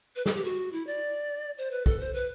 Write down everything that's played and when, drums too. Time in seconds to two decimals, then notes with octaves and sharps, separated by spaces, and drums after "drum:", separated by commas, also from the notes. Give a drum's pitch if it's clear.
0.16 B4
0.26 A4, drum: snare
0.36 G4
0.44 F#4
0.72 E4
0.87 D5
1.58 C5
1.71 B4
1.86 A4, drum: kick
2.00 C5
2.14 B4